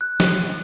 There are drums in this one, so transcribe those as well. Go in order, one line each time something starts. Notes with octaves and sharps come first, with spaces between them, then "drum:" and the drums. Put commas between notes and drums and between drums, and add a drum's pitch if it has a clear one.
F#6
drum: snare